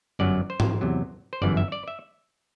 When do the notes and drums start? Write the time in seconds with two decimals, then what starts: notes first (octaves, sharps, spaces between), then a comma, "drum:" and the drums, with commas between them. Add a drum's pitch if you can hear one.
0.19 G1 F#2 F#3 D5
0.50 C5
0.60 drum: tom G#2
0.81 E2 C3 F#3
1.33 C5
1.42 G1 F#2 E3 D5
1.57 E5
1.72 D5
1.88 E5